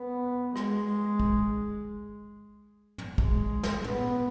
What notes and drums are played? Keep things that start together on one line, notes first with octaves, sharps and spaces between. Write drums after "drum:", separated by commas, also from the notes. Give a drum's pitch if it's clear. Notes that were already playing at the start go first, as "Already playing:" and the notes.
Already playing: B3
G#3, drum: rim click
drum: kick
drum: tom
G#3, drum: kick
drum: snare
B3, drum: tom